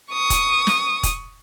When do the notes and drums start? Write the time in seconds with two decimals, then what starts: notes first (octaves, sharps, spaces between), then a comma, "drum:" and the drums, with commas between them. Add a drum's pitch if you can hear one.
0.12 C#6 D#6
0.30 drum: kick, hi-hat
0.67 drum: snare
1.03 drum: kick, hi-hat